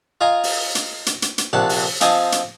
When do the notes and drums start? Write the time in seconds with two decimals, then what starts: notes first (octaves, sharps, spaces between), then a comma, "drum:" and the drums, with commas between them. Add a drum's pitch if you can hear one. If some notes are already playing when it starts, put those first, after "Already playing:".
0.21 F4 D#5 G#5 A#5 C6
0.44 drum: open hi-hat
0.75 drum: hi-hat
1.06 drum: hi-hat
1.22 drum: hi-hat
1.38 drum: hi-hat
1.53 A#1 C3 D4 F#5 A5
1.69 drum: open hi-hat
2.01 F3 C4 D#5 G#5 A5 D#6, drum: hi-hat
2.32 drum: hi-hat